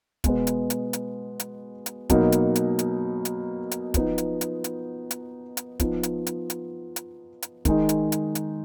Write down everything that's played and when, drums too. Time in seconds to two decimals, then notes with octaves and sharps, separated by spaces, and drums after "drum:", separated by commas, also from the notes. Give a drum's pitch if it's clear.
0.24 B2 G#3 B3, drum: kick, hi-hat
0.47 drum: hi-hat
0.70 drum: hi-hat
0.93 drum: hi-hat
1.40 drum: hi-hat
1.86 drum: hi-hat
2.10 B2 F#3 A#3 D#4, drum: kick, hi-hat
2.32 drum: hi-hat
2.56 drum: hi-hat
2.79 drum: hi-hat
3.25 drum: hi-hat
3.71 drum: hi-hat
3.94 F3 B3 D#4, drum: kick, hi-hat
4.18 drum: hi-hat
4.41 drum: hi-hat
4.64 drum: hi-hat
5.11 drum: hi-hat
5.57 drum: hi-hat
5.80 F3 B3 D#4, drum: kick, hi-hat
6.03 drum: hi-hat
6.27 drum: hi-hat
6.50 drum: hi-hat
6.96 drum: hi-hat
7.42 drum: hi-hat
7.65 D#3 G#3 D#4, drum: kick, hi-hat
7.89 drum: hi-hat
8.12 drum: hi-hat
8.35 drum: hi-hat